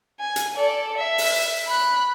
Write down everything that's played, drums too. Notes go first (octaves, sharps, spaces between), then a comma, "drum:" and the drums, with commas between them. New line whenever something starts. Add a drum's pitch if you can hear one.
G#5
drum: hi-hat
A4 D5
E5
drum: open hi-hat
B5 F#6